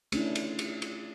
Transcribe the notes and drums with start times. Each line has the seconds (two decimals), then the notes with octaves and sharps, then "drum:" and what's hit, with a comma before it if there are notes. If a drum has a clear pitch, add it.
0.12 A3 C#4 D4 E4, drum: cymbal
0.35 drum: cymbal
0.59 drum: cymbal
0.82 drum: cymbal